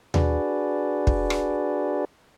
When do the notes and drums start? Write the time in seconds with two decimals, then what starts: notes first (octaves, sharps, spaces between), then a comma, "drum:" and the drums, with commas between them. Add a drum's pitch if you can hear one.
0.14 D4 F#4 G#4 B4 D5, drum: tom D#2
1.07 drum: kick
1.30 drum: rim click